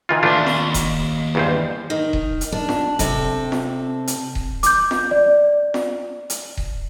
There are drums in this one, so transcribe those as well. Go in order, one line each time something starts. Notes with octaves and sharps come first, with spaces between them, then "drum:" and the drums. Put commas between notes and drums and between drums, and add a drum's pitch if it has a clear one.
D#3 E3 F4
D#2 A3 D4 F4 C6
drum: snare
drum: kick D#1, hi-hat
E2 G2 C5
D#3
drum: kick D#1
drum: hi-hat
D4
drum: snare
C3 C4 A4, drum: kick D#1, hi-hat
drum: snare
drum: hi-hat
drum: kick D#1
D6 G6, drum: hi-hat
drum: snare
D5
drum: snare
drum: hi-hat
drum: kick D#1